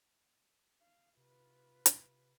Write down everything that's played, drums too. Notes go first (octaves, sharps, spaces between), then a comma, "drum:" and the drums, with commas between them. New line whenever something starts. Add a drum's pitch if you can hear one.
F5
C3 F4 B4
drum: hi-hat